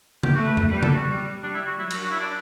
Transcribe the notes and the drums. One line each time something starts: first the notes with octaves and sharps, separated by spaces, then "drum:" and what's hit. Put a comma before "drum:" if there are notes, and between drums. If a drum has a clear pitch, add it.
G4, drum: tom
A3 F#4
B4
drum: tom F2
G3 B4
G4
A4, drum: tom
F#4
G3
G3 D4
E4
F#4
F#3 E4
F#4, drum: cymbal
F#4
E4
D4